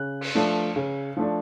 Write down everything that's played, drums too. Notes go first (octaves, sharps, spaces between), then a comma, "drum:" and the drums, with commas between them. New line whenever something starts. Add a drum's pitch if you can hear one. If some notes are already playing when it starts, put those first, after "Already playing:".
Already playing: C#3 F#6
drum: cymbal
F3 A3 D4
C#3
F3 A3 D4